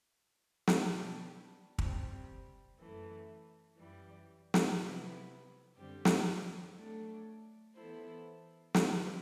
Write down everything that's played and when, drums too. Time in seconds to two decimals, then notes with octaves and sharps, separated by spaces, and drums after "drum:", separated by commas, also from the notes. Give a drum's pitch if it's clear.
0.67 drum: snare
0.79 B2 G3 D4
1.78 C3 G3 C4, drum: kick
2.79 F#2 E3 A3
3.78 F#2 E3 G3
4.54 drum: snare
4.77 C3 F#3 B3 E4 B4
5.76 F#2 D3 G3 C4 G4
6.05 drum: snare
6.75 F#3 A3 D4 A4
7.75 E3 B3 E4 A4 C5
8.74 D3 G3 C4 E4 B4, drum: snare